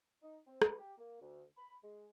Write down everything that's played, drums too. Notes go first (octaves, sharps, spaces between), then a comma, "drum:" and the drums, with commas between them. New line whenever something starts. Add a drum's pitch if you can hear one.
D#4
C4
B4, drum: rim click
G4
A#3
D2
B5
G#3